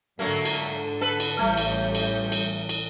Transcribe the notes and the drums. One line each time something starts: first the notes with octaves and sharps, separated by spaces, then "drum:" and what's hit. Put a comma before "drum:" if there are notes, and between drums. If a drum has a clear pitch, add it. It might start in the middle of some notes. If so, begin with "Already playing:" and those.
G#2 D3 F#3 A3 A#3
drum: cymbal
A4 B4
drum: cymbal
A1 G3 A3 G6
drum: cymbal
drum: cymbal
drum: cymbal
drum: cymbal